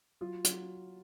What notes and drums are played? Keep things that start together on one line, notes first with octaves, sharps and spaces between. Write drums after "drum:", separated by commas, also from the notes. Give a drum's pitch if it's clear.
F#3 F4
F#3, drum: hi-hat